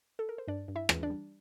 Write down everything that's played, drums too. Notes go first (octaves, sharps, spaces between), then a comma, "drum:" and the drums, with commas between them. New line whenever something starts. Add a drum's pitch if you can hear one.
A4
A#4
C5
G2 D4 D5
G2
E4 E5
E3, drum: rim click
D4 D5
G3